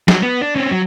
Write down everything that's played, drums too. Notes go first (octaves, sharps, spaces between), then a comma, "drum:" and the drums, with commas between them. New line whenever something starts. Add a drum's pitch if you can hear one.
F#3, drum: snare
B3
D4
C4 C#4
F#3